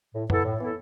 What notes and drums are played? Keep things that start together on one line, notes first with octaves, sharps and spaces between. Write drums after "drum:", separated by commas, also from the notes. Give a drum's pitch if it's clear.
A2
E3 B3 E4 A4, drum: tom
A2
E3 B3 E4 A4